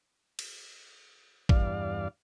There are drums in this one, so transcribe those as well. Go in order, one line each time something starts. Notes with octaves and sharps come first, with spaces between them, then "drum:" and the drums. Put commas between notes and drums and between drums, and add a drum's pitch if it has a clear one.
drum: cymbal
E2 G2 D5 F5, drum: kick A1